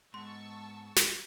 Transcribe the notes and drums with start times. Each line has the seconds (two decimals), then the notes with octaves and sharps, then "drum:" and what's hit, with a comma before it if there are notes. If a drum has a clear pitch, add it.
0.14 G#2 B3 A5 C6 C#6 E6
0.97 drum: snare